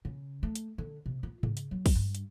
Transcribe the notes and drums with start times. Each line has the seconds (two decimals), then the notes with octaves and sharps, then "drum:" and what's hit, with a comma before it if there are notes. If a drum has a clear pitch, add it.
0.05 C#3
0.43 A3
0.55 drum: hi-hat
0.78 D3
1.06 C3
1.23 F4
1.43 C#3, drum: tom G#2
1.57 drum: hi-hat
1.71 F#3
1.86 drum: kick, open hi-hat
1.95 G2
2.15 drum: hi-hat